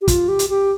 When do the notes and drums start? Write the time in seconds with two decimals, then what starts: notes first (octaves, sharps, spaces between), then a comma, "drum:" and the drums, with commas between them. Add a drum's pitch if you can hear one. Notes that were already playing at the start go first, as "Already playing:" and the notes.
0.01 G4
0.08 F4, drum: kick, hi-hat
0.28 G4
0.39 drum: hi-hat
0.50 G4